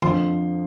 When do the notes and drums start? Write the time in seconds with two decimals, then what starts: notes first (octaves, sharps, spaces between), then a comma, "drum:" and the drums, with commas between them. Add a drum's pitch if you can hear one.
0.02 F2 D3 F3 C6, drum: tom D3